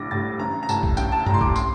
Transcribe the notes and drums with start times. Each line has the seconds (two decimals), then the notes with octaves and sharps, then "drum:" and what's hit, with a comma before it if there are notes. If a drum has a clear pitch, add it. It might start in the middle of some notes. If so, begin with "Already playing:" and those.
Already playing: A#1 A2 G3 D6 A#6
0.11 A2 G3 A6
0.39 A1 A#5
0.63 A#5
0.69 A2 G3 A5, drum: tambourine
0.83 drum: kick A#1
0.97 A1 G5, drum: tambourine
1.12 A5
1.26 A2 G3 A#5, drum: tom G2
1.34 C6
1.41 D6, drum: kick A#1
1.56 C6, drum: tambourine